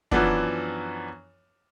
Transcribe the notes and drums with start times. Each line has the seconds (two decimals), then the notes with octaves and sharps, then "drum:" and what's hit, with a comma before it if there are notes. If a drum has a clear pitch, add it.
0.11 F#2 E3 F3 B3 D4, drum: kick